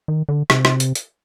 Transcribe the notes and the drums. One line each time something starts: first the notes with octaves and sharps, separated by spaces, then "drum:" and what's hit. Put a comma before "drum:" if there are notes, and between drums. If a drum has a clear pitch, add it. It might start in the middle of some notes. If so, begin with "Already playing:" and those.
D#3
D3
C3, drum: rim click
drum: rim click
drum: hi-hat
drum: hi-hat